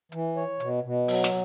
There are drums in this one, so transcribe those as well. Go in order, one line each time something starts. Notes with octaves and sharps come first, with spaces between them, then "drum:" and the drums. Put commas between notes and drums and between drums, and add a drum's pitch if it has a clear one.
E3, drum: hi-hat
C#5
B2, drum: hi-hat
B2
F#3, drum: open hi-hat
drum: snare